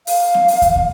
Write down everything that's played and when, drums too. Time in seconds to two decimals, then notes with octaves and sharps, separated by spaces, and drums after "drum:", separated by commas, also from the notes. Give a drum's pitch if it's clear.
0.07 F5, drum: open hi-hat
0.34 drum: snare C4
0.48 drum: open hi-hat
0.62 drum: kick, hi-hat
0.75 drum: kick